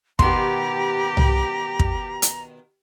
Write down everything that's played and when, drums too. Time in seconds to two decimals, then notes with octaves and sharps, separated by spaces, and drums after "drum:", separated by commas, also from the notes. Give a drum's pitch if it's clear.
0.19 B2 D#3 B3 G4 A#5 C6, drum: kick
1.17 drum: tom
1.79 drum: kick
2.22 drum: hi-hat